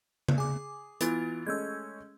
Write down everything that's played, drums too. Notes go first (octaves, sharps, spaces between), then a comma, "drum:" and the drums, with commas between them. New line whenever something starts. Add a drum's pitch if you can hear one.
drum: tom C#3
G#4 G#5 D6
E3 B3 E4 F4 A6, drum: hi-hat
G#3 A3 C#4 E6 G6 G#6